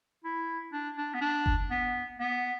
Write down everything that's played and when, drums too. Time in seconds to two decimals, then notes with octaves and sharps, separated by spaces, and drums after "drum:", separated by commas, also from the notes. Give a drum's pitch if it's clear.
0.24 E4
0.73 D4
0.97 D4
1.14 B3
1.21 D4
1.46 drum: kick F#1
1.71 B3
2.19 B3